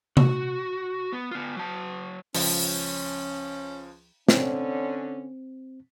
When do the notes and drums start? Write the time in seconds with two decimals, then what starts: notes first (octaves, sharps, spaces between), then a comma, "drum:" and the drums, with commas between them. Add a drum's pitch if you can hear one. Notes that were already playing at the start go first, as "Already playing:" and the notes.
0.17 F#4, drum: tom C3
1.13 B3
1.31 B3 F4
1.56 F#3 A5
2.35 C#2 F3 C#4, drum: open hi-hat
4.29 D3 C4 C#4, drum: snare